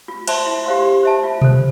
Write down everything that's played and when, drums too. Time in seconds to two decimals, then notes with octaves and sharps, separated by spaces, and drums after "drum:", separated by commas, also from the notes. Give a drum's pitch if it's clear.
0.08 F4
0.28 C5 E5 A5 C6, drum: cymbal
0.46 E4
0.66 G4 C5 F5 C6
0.85 G4
1.03 C5 E5 A5
1.24 F4
1.42 A4 C5, drum: tom B2